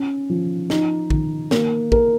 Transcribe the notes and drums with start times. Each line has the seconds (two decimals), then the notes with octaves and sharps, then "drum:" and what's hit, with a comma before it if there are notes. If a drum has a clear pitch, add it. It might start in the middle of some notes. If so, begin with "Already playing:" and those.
Already playing: C#4
0.30 F3
0.70 D#4, drum: snare
1.10 D#3, drum: kick
1.51 A#3, drum: snare
1.92 A#4, drum: kick